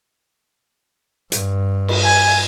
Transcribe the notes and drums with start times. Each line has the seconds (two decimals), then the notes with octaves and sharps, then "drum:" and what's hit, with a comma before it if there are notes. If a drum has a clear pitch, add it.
1.32 G2, drum: hi-hat
1.88 drum: cymbal
2.04 G#5